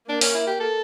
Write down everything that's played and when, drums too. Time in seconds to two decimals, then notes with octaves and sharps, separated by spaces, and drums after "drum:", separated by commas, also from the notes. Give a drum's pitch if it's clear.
0.09 A#3 D4
0.21 C#4, drum: open hi-hat
0.35 E4
0.47 G4
0.60 A4